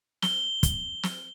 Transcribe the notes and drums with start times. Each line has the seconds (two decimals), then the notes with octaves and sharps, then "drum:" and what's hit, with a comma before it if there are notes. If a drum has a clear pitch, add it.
0.22 G7, drum: snare
0.63 drum: kick, hi-hat
1.03 drum: snare